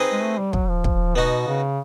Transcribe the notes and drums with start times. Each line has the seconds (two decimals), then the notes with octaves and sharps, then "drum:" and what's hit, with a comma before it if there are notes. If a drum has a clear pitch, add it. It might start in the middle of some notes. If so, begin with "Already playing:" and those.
Already playing: C4 D#4 G#4 B4 D#5
0.12 G#3
0.23 A3
0.38 G3
0.53 F#3, drum: kick
0.69 F3
0.84 drum: kick
1.15 B2 B3 D#4 F#4
1.47 C#3